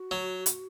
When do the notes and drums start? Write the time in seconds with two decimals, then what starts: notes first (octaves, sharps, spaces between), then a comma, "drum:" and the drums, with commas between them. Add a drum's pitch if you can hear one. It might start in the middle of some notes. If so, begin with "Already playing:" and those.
Already playing: F#4
0.11 F#3
0.46 drum: hi-hat